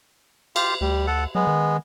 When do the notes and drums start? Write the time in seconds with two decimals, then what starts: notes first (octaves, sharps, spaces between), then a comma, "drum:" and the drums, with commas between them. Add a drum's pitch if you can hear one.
0.56 F4 G4 F5, drum: cymbal
0.81 D2 G3
1.07 A4 F#5
1.35 F#3 G#3 B3
1.47 D#3